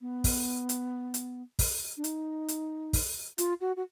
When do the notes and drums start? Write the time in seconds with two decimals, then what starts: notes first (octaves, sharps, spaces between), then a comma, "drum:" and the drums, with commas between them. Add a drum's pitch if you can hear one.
0.01 B3
0.24 drum: kick, open hi-hat
0.69 drum: hi-hat
1.14 drum: hi-hat
1.59 drum: kick, open hi-hat
1.97 D4
2.04 D#4, drum: hi-hat
2.48 drum: hi-hat
2.93 drum: kick, open hi-hat
3.38 F4, drum: hi-hat
3.61 F#4
3.76 F#4